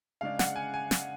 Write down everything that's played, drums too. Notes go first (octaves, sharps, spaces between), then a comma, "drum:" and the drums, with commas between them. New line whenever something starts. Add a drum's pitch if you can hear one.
C#3 G#3 D4 F5
F#5, drum: snare
G#5
G#5
drum: snare